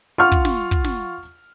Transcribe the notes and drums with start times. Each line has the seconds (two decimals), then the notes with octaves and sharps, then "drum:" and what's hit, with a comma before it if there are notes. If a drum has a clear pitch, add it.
0.18 F4 F#5 C#6 F6
0.32 drum: kick
0.45 drum: snare
0.71 drum: kick
0.84 drum: snare